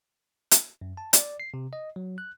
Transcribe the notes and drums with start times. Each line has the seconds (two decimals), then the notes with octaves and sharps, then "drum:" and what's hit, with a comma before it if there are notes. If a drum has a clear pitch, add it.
0.51 drum: hi-hat
0.81 F#2
0.97 A5
1.13 D5, drum: hi-hat
1.40 C7
1.54 C3
1.73 D#5
1.96 F#3
2.18 F#6